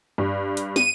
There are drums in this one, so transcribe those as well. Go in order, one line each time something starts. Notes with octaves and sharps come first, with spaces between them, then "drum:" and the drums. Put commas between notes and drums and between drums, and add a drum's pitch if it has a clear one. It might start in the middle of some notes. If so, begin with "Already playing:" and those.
G2
drum: hi-hat
D#7, drum: snare